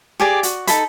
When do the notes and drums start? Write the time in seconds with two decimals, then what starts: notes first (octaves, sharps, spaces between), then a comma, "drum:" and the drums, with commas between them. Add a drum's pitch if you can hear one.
0.20 G4 G#4 D5
0.43 F#4, drum: hi-hat
0.67 D#4 F4 A4 B5, drum: hi-hat